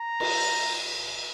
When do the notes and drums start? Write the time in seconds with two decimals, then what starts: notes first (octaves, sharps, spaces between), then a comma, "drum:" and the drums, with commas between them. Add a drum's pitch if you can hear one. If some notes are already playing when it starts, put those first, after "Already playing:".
Already playing: A#5
0.20 drum: cymbal